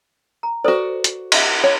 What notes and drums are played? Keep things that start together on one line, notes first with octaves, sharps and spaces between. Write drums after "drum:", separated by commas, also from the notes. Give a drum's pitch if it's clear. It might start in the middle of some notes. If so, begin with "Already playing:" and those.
A#5
F#4 A4 B4 C5 D5
drum: hi-hat
D#5 E5, drum: cymbal
C#5